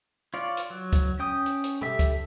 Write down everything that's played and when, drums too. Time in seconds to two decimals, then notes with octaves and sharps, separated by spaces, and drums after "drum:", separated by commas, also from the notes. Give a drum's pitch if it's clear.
0.34 F4 C#5 D5 F5
0.57 drum: hi-hat
0.70 F#3
0.93 drum: kick, hi-hat
1.19 C#4 G5 D#6
1.46 drum: hi-hat
1.64 drum: hi-hat
1.81 G4 A4 E5, drum: tom
1.99 drum: kick, hi-hat